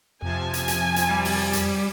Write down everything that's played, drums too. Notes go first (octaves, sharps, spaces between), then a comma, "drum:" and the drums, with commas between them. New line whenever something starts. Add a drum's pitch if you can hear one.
F2 C3 F3 G#5 A5
drum: hi-hat
drum: hi-hat
drum: hi-hat
G3
drum: open hi-hat
drum: hi-hat